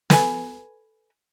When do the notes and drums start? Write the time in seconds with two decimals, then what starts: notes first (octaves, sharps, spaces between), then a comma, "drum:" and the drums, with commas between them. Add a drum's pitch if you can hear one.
0.10 A4 B4 G#5, drum: snare